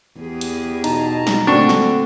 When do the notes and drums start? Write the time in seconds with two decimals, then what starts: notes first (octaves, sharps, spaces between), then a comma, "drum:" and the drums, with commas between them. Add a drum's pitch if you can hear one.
0.20 E2 G4 G#4
0.41 drum: hi-hat
0.84 B2 D#4 A5 A#5, drum: hi-hat
1.27 drum: snare
1.47 A#2 D3 A3 C4 D4 F#4 C#6
1.69 drum: snare